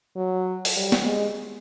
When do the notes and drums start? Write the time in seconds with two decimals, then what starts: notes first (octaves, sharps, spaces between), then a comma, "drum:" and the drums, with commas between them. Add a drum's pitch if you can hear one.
0.16 F#3
0.65 drum: open hi-hat
0.76 G3
0.92 drum: snare B3
1.05 G#3